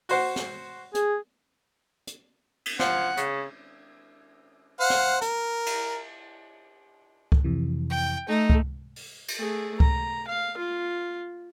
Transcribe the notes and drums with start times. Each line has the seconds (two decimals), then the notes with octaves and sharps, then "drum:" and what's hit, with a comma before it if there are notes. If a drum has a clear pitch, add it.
0.09 F#4 C5 F#5, drum: open hi-hat
0.36 drum: snare
0.95 G#4, drum: hi-hat
2.07 drum: hi-hat
2.66 drum: cymbal
2.79 F3 F#5, drum: snare
3.17 C#3, drum: hi-hat
4.80 C5 F5 F#5
4.90 drum: snare
5.22 A#4, drum: hi-hat
5.66 drum: cymbal
7.32 drum: kick C#2
7.44 F2 C3 E3
7.90 G5
8.29 A3 D#4
8.50 drum: kick C#2
8.96 drum: open hi-hat
9.28 drum: cymbal
9.39 A3 G#4
9.80 A#5, drum: kick C#2
10.27 F5
10.57 F4